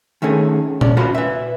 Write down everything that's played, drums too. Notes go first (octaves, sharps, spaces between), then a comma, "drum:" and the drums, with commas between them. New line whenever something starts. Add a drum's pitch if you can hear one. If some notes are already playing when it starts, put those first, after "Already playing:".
D#3 A3 C#4 G#4
C#4 D5, drum: tom A#2
F4 F#4 B4 C5
B4 E5